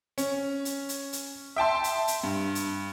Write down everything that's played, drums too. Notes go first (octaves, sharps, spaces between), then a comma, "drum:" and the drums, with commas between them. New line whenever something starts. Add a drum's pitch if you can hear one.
C#4, drum: hi-hat
drum: hi-hat
drum: hi-hat
drum: hi-hat
E5 G5 A5 C6
drum: hi-hat
drum: hi-hat
G2
drum: hi-hat